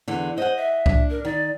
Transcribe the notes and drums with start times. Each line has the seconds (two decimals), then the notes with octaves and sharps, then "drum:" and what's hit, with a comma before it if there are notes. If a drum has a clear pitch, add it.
0.08 E2 D3
0.38 C5 D#5 F#5
0.57 E5
0.86 D4, drum: kick C2
1.10 A#4
1.25 D#3 D5